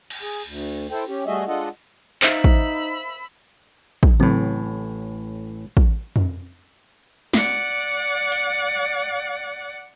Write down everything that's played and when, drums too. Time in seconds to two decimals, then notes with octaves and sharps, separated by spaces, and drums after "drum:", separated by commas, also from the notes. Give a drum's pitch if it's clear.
0.10 drum: cymbal
0.22 G#4
0.45 D2
0.91 E4 A4 C5 G5
1.08 C#4 G4
1.27 G3 A3 F#4 G#4 D#5 E5
1.47 G#3 D4 F4 A4 D#5 F#5
2.22 D#4 C5 E5 F5 B5 E6, drum: clap
2.44 drum: kick
4.03 drum: kick
4.20 A1 A2 C#3 F#3 C4
5.77 drum: kick
6.16 drum: tom F2
7.34 D5 F#5, drum: snare
8.32 drum: hi-hat